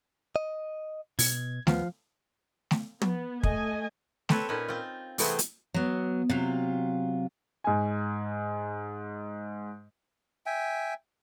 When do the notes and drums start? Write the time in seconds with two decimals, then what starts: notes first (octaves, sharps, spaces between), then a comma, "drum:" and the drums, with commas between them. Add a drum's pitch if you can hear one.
0.36 D#5
1.19 B2 G#6, drum: open hi-hat
1.67 D#2 F3 B3 F5, drum: snare A3
2.71 drum: snare A3
3.02 B3, drum: tom
3.43 A3 D#5 G#5, drum: kick
4.29 C4 A4 B4 C#5, drum: snare A3
4.49 A#2 C#4 D#4 B4
4.68 C4 F4
5.18 C3 E3 A3 B3 C4 G#4, drum: open hi-hat
5.39 drum: hi-hat
5.74 F#3 B3
6.29 C3 F#3 F4
7.64 G#2 G#5
10.46 E5 G5 G#5